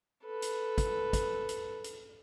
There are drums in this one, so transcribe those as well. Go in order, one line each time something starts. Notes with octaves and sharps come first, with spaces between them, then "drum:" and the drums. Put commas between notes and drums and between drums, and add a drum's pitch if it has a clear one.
A4 B4
drum: hi-hat
drum: kick, hi-hat
drum: kick, hi-hat
drum: hi-hat
drum: hi-hat